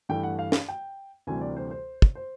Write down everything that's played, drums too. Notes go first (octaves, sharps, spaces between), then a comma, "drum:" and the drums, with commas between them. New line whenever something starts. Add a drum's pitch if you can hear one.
G2 E3 A3 G5
F#5
F5
drum: snare
G5
D2 C3 E3 G3 G#5
D5
C5
C5
drum: kick
C5